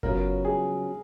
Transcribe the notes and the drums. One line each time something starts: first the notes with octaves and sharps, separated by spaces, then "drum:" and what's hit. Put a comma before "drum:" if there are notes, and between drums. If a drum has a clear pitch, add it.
C#3 F#3 B3 F4 A#4, drum: kick F#1
G#4